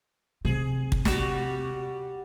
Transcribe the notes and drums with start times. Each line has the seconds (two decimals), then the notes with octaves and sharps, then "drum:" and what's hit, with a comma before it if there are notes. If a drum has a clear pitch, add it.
0.45 C3 G#4
0.92 drum: kick
1.05 G3 F#4, drum: snare